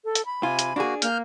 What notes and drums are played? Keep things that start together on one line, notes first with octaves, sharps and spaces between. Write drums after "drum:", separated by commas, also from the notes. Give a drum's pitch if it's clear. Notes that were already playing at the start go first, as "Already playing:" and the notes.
A4
drum: hi-hat
B5
C3 F4 G#5
drum: hi-hat
A#3 D4 F#4 G#4
A#3 F6 G6, drum: hi-hat